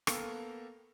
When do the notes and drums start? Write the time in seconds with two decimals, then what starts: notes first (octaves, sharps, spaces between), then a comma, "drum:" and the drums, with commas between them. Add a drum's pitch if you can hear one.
0.07 A#3 B3 A4 A#4 F5 G5, drum: rim click